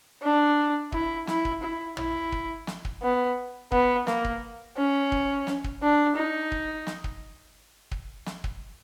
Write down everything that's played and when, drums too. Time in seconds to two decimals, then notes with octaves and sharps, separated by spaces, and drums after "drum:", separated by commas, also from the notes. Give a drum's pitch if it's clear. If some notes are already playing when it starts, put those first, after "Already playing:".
0.22 D4
0.92 E4, drum: kick
1.27 E4, drum: snare
1.45 drum: kick
1.62 E4
1.97 E4, drum: tom
2.32 drum: kick
2.67 drum: snare
2.85 drum: kick
3.03 B3
3.72 B3, drum: kick
4.07 A#3, drum: snare
4.25 drum: kick
4.77 C#4
5.12 drum: kick
5.47 drum: snare
5.64 drum: kick
5.82 D4
6.16 D#4
6.52 drum: kick
6.87 drum: snare
7.04 drum: kick
7.91 drum: kick
8.26 drum: snare
8.44 drum: kick